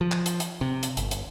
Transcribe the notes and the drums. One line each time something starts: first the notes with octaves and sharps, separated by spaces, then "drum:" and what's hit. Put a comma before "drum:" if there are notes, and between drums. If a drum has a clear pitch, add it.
F3
drum: clap
drum: hi-hat
drum: hi-hat
C3
drum: hi-hat
G1, drum: hi-hat
drum: hi-hat